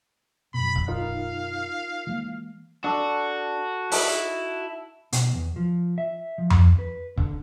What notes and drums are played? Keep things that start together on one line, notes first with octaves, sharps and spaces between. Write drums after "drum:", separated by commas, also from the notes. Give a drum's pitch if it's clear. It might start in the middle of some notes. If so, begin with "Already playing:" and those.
F#2 B2 B5
drum: kick C#1
D#4 F4 A#4 F5
E3 G#3 A#3
D4 F#4 A4
D#4 E4, drum: open hi-hat
B2, drum: hi-hat
E2
F3
E5
F3
drum: tom F2
B4
D3, drum: kick C#1